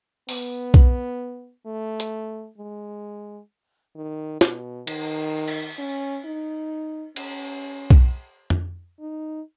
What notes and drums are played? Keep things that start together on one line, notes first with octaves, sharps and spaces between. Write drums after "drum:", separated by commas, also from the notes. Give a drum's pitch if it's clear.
B3, drum: open hi-hat
drum: kick B1
A3
drum: hi-hat
G#3
D#3
B2, drum: snare
D#3, drum: cymbal
drum: cymbal
C#4
D#4
C#4, drum: cymbal
drum: kick B1
drum: tom F2
D#4